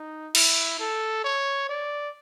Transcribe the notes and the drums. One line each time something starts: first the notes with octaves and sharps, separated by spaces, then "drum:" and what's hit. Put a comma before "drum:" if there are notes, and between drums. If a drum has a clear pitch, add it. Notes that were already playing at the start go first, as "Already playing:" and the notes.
Already playing: D#4
E4, drum: cymbal
A4
C#5
D5